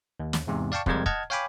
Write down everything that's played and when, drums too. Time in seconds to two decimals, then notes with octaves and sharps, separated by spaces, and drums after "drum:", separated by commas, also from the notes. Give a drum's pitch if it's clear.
0.20 D#2
0.33 drum: snare
0.47 E2 G#2 C3
0.72 D5 F5 G5 A5 C#6
0.86 F2 C3 G3 G#3 A#4 G#6, drum: kick
1.06 D#5 F#5 A5 F6 G#6, drum: kick
1.30 C#5 F5 G5 G#5 B5 D6